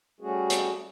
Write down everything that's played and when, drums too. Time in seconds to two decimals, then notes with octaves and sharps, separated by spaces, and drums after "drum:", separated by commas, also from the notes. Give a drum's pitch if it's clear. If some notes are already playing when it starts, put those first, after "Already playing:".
0.21 G3 A3 C#4 F#4 G#4
0.50 drum: hi-hat